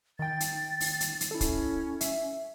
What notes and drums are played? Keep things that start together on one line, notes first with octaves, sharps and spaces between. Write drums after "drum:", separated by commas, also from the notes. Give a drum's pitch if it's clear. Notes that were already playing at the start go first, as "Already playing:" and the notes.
D#3 G5 A6
drum: hi-hat
drum: open hi-hat
drum: hi-hat
drum: hi-hat
C#4 E4 A4
drum: kick, hi-hat
E5, drum: hi-hat